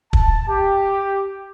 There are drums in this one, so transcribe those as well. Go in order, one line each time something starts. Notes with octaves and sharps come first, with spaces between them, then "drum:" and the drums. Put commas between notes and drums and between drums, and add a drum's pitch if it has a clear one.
A5, drum: kick
G4